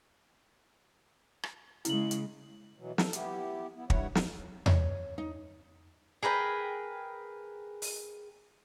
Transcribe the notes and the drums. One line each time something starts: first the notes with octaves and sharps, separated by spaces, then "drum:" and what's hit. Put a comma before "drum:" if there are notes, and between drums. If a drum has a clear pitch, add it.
drum: rim click
C#3 G#3 E4 F#7, drum: hi-hat
drum: hi-hat
B2 E3 F#3
A4, drum: snare
B3 E4 G4, drum: hi-hat
B3 E4
G2 G3 E4 C#5 F#5, drum: kick
drum: snare
C#5, drum: tom E2
D#4
G#4 A#4 B4 G5
drum: open hi-hat